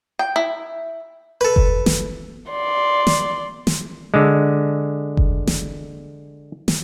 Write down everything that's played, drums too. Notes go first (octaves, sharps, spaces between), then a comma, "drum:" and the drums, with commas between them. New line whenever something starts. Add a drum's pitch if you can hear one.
G5
E4
A4 B4
drum: kick F#1
drum: snare
D5 C6
drum: snare
drum: snare
D3 G#3
drum: kick F#1
drum: snare
drum: snare